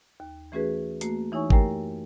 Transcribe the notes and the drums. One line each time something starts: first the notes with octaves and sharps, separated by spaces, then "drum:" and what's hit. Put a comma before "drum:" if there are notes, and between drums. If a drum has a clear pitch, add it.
D#2
E3 A3 C#4 F#4 G#4 B4
A3 A#3 F#4, drum: hi-hat
E3 D#4 E4 C#5 G#5 C#6
F#2 A3 G4 A#4 G5 G#5, drum: kick G#1